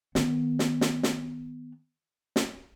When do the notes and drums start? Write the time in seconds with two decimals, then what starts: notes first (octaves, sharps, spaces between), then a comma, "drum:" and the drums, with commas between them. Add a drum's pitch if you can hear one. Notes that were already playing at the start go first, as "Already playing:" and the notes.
0.15 D#3 B3, drum: snare
0.59 drum: snare
0.81 drum: snare
1.03 drum: snare
2.36 drum: snare